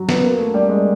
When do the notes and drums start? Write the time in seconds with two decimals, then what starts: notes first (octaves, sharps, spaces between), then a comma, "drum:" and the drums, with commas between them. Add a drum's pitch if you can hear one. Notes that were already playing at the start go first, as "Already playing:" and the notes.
Already playing: F#3
0.09 B3, drum: snare
0.23 A#3
0.38 A3
0.54 G3
0.69 G#3